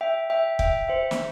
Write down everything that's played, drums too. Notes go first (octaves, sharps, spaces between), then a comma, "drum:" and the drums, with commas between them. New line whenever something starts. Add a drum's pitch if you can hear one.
E5 G5
E5 G5
E5 G5, drum: kick
C5 E5
drum: snare